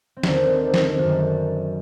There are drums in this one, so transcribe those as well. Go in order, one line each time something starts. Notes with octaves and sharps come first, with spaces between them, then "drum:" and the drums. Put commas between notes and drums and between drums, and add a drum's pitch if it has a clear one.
C4
D#2 D3 A#3 D4, drum: snare
C4 D#4
D4
C4 D#4, drum: snare
F#2 D#3 D4 F#4